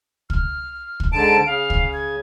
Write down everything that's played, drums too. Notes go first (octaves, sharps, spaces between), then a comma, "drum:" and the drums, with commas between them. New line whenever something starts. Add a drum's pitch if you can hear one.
F6, drum: kick
drum: kick
G#2 D3 A5 D7
C#3 F5
drum: kick
G#6